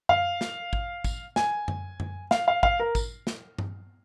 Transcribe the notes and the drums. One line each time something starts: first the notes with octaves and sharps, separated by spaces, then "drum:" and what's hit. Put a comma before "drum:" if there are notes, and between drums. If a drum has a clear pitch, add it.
F5, drum: tom F#2
drum: snare
drum: kick
drum: kick, tambourine
G#5, drum: snare
drum: tom F#2
drum: tom F#2
F5, drum: snare
F5
F5, drum: kick
A#4
drum: kick, tambourine
drum: snare
drum: tom G2